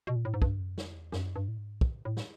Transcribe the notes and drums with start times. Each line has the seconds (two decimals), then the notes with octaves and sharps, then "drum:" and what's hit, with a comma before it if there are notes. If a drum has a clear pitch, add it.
0.07 B2
0.16 A#2
0.25 A2
0.34 G#2
0.42 G2, drum: kick
0.59 F#2
0.78 F2, drum: snare
0.95 E2
1.12 F#2, drum: snare
1.36 G2
1.48 A2
1.58 G#2
1.81 A2, drum: kick
2.05 A2
2.17 drum: snare